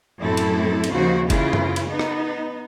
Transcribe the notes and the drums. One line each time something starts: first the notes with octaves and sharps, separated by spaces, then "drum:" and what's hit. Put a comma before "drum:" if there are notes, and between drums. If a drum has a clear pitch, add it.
F#2 A2 C4 E4 A4
drum: cymbal
drum: cymbal
D#2 C#3 F3 F#4 C5
C#3 E3 E4 F4, drum: kick F#1, cymbal
drum: tom F#2
drum: cymbal
B3 D#4
drum: rim click